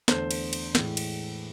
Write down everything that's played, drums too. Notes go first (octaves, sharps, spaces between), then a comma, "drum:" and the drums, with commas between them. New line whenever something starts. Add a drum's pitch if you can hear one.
E2 D3 A3 C5, drum: snare
drum: cymbal
drum: cymbal
A2 E3 G#3, drum: snare
drum: cymbal